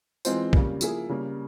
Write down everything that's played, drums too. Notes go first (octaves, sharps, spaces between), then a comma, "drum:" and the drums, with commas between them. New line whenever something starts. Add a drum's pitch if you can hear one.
E3 G#3 C4 F4 C5, drum: tambourine
C#3 G3 A#3, drum: kick
F3 A#3 E4 G#4, drum: tambourine
C#3 G3 A#3